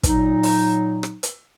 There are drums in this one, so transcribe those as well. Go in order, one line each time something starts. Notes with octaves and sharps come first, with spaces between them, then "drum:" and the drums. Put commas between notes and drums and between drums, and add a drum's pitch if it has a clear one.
A#2 F#3 D#4, drum: kick, hi-hat
drum: open hi-hat
drum: rim click
drum: hi-hat